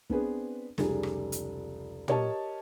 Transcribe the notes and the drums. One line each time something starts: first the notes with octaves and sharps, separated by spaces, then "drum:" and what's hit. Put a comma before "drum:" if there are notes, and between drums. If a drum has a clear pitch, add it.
B3 C4 D4 G#4 B4, drum: kick
F1 C#2 G3 G#4, drum: snare
drum: rim click
drum: hi-hat
G4 A#4 C#5 D#5 A5, drum: tom